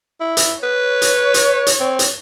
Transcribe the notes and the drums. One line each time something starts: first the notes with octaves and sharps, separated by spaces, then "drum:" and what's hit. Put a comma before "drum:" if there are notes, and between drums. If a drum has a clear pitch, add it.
E4
drum: hi-hat
B4 C#5
drum: hi-hat
drum: hi-hat
drum: hi-hat
C4
drum: hi-hat